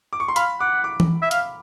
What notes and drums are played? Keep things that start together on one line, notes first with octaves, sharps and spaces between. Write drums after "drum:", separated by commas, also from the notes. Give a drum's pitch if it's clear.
D6
C#6
C6
F5 B5, drum: hi-hat
F#5 D6
D6
drum: tom E3
E5
F5, drum: hi-hat